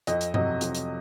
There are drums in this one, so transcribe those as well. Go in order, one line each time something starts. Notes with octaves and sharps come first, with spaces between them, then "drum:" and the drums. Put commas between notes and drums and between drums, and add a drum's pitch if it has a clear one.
F2 D#5, drum: hi-hat
drum: hi-hat
C3 F#3 D#5, drum: tom G2
F2, drum: hi-hat
drum: hi-hat